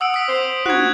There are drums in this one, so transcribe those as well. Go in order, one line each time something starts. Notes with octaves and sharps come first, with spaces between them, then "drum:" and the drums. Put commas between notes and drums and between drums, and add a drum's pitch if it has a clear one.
F#5 D#6 E6 D7
D#6 B6
C5
F#4 F#6 G#6, drum: tom